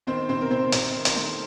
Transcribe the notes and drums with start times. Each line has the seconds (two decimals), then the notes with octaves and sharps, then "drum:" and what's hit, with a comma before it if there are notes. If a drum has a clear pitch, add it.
0.07 D#3 C4 C5
0.29 C3 C4 C5
0.41 A#4
0.51 C3 C4 C5
0.72 C3, drum: hi-hat
0.94 D#3
1.05 drum: hi-hat
1.16 A3